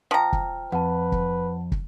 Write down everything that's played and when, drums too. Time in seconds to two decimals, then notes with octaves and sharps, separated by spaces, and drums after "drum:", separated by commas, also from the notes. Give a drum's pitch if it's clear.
0.11 F3 G5 A#5 F6
0.33 drum: kick
0.72 F2 B4 F#5 A5
1.12 drum: kick
1.72 drum: kick